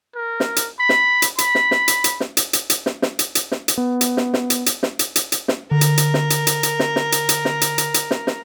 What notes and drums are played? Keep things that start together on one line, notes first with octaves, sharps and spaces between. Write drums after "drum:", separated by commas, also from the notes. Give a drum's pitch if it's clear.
A#4
drum: snare
drum: hi-hat
B5
drum: snare
drum: hi-hat
B5, drum: hi-hat
drum: snare
drum: snare
drum: hi-hat
drum: hi-hat
drum: snare
drum: hi-hat
drum: hi-hat
drum: hi-hat
drum: snare
drum: snare
drum: hi-hat
drum: hi-hat
drum: snare
drum: hi-hat
B3
drum: hi-hat
drum: snare
drum: snare
drum: hi-hat
drum: hi-hat
drum: snare
drum: hi-hat
drum: hi-hat
drum: hi-hat
drum: snare
D3 A#4
drum: hi-hat
drum: hi-hat
drum: snare
drum: hi-hat
drum: hi-hat
drum: hi-hat
drum: snare
drum: snare
drum: hi-hat
drum: hi-hat
drum: snare
drum: hi-hat
drum: hi-hat
drum: hi-hat
drum: snare
drum: snare